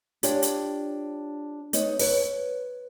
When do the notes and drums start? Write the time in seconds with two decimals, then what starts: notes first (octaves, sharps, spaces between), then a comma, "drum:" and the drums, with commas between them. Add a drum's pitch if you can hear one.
0.23 D4 F4 G4 C#5 D5, drum: hi-hat
0.42 drum: hi-hat
1.73 B3 D#4 C#5, drum: hi-hat
1.99 B4 C#5, drum: open hi-hat